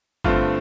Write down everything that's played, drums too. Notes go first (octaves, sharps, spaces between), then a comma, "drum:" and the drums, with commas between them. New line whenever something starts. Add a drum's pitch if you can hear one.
G2 D3 A3 C4 F4, drum: kick G1